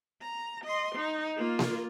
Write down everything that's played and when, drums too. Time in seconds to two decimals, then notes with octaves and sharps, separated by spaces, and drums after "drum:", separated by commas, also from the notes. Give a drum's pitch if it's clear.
0.22 A#5
0.64 D#5 C6
0.95 D#4
1.37 A#3 F4
1.59 drum: snare A#3